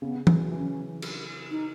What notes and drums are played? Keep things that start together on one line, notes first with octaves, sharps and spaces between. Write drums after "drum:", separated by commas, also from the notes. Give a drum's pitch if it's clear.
C#3 B3
C#3
E3, drum: tom E3
F#3
E3 C#4
drum: cymbal
D#4